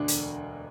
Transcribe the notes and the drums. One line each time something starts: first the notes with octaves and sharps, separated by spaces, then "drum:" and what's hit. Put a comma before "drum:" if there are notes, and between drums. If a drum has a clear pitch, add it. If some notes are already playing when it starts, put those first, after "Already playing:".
Already playing: D2 B2 D3 D4
E1, drum: hi-hat